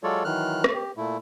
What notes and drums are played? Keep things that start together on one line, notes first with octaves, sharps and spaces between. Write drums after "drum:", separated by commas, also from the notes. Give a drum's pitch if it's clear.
F#3 G#3 F4 A4 C#5 D5
D#3 E3 F#3 F6 F#6
drum: rim click
G4
A#2 A3 E4